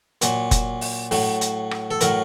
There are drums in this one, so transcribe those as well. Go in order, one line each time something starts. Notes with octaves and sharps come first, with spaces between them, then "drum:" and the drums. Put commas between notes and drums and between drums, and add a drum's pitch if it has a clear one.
A#2 F#3, drum: hi-hat
drum: kick F1, hi-hat
drum: open hi-hat
A2 F#3, drum: open hi-hat
drum: hi-hat
drum: rim click
A4
A2 F#3 A#4, drum: hi-hat